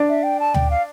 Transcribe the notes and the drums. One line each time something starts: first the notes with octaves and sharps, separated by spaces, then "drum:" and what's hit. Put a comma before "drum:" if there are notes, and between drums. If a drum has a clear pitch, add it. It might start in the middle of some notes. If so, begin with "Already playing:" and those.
Already playing: D4 D5
E5
G5
A5
G5, drum: tom D2
F5